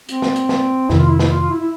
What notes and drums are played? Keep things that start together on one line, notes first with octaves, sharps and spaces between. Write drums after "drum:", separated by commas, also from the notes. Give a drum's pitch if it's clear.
C4, drum: hi-hat
drum: snare
drum: hi-hat
drum: snare
F2 C3 D#3 E4, drum: snare
F4
E4
E4, drum: snare
F4
F4
E4
E4